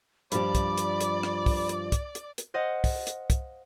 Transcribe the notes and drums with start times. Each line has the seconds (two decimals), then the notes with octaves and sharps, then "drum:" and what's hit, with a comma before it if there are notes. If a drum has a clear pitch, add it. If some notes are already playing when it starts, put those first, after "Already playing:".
0.32 G2 F3 G4 D5 B5, drum: hi-hat
0.55 drum: kick, hi-hat
0.78 drum: hi-hat
1.00 drum: hi-hat
1.23 drum: rim click
1.46 drum: kick, open hi-hat
1.69 drum: hi-hat
1.92 drum: kick, hi-hat
2.15 drum: hi-hat
2.38 drum: hi-hat
2.54 C5 D#5 F5 F#5
2.84 drum: kick, open hi-hat
3.07 drum: hi-hat
3.30 drum: kick, hi-hat